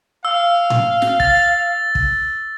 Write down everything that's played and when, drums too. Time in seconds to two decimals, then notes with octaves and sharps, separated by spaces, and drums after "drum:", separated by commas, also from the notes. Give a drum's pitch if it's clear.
0.25 F5 E6
0.70 drum: tom A2
1.02 drum: snare
1.20 A6, drum: kick
1.95 drum: kick